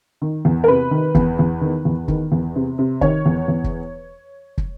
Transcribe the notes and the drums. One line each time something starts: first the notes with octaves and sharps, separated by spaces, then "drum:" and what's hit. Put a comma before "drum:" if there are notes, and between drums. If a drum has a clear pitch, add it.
D#3
E2
A#4
C3 B4
D#3
E2, drum: kick
E2
D#3
E2
D#3, drum: kick
E2
C3
C3
D#3 C#5, drum: kick
E2
E2
drum: kick
drum: kick